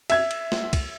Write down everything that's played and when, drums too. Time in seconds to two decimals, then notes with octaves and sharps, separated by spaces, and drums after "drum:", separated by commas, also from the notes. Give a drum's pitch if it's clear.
0.10 E5 G#6, drum: cymbal
0.31 drum: cymbal
0.52 drum: snare
0.73 drum: kick, cymbal